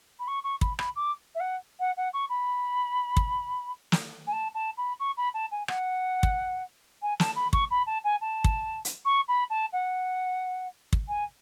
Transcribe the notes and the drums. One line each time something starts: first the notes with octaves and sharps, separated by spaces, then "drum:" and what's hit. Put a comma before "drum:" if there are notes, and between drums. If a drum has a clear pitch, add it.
B5
C#6
C#6
B5, drum: kick
B5, drum: rim click
D6
E5
F#5
F#5
F#5
C#6
B5
drum: kick
drum: snare
G#5
A5
A5
B5
C#6
B5
A5
G#5
F#5, drum: rim click
drum: kick
G#5
A5, drum: snare
B5
C#6, drum: kick
B5
A5
G#5
A5
drum: kick
drum: hi-hat
C#6
B5
A5
F#5
drum: kick
G#5